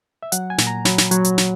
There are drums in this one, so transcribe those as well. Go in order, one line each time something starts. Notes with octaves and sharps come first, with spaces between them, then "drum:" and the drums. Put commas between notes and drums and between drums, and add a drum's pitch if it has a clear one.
E5
F#3 F#5, drum: hi-hat
G#5
A#2, drum: snare
A#5
F#3 B5, drum: snare
drum: snare
F#3, drum: hi-hat
drum: hi-hat
drum: snare